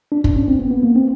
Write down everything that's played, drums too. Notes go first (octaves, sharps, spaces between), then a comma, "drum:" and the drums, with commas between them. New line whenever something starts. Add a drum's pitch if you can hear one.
D4
D4, drum: kick
C#4
C4
B3
B3
A#3
C4